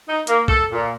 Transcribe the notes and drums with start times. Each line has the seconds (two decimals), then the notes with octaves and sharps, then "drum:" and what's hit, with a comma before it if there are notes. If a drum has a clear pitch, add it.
0.09 D#4
0.27 A#3, drum: hi-hat
0.48 A4, drum: kick
0.73 A#2